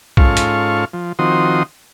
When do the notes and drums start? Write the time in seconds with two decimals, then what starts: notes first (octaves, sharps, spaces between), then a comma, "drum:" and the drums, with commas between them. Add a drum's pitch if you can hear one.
0.17 G#2 C#4 F4 A4 F5 C#6, drum: kick
0.37 drum: hi-hat
0.93 F3
1.19 D#3 F3 C4 F#4 C6 D#6